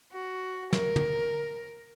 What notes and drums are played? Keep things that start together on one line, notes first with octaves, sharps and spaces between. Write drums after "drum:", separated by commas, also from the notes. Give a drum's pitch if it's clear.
F#4
A#4, drum: snare
drum: tom